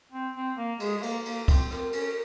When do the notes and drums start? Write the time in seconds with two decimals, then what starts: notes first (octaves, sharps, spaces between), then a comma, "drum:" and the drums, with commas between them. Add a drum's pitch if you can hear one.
0.12 C4
0.35 C4
0.58 A#3
0.80 G#3 G#4, drum: cymbal
0.98 G#3
1.03 A#3, drum: cymbal
1.25 A#3, drum: cymbal
1.48 C4, drum: kick, cymbal
1.71 C4 A#4, drum: rim click
1.93 C#4, drum: cymbal